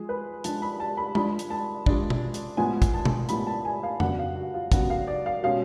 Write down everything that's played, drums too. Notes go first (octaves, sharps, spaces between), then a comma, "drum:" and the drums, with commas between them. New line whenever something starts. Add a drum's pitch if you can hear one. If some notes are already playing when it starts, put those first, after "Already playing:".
Already playing: F3 G#3 G#4
B4
F3 G#3 D4 A5, drum: hi-hat
B5
A5
B5
F3 G#3 D4 B5, drum: tom G#3
drum: hi-hat
A5
F3 G#3 D4, drum: kick
drum: tom B2
drum: hi-hat
A2 F3 G#3 B3 G#5
drum: kick, hi-hat
A5
drum: tom B2
A2 F3 G#3 B3 B5, drum: hi-hat
A5
G#5
F5
C#3 F#3 B3 D4 F#5, drum: tom F2
F5
F#4
F4
C#3 F#3 B3 D4 F#4, drum: kick, hi-hat
F5
D5
F5
B2 G#3 C#4 F5